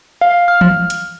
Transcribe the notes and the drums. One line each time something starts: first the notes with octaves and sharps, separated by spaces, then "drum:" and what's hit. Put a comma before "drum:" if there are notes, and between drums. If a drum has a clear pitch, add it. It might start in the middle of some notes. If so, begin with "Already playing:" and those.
F5
F6
drum: tom E3
drum: hi-hat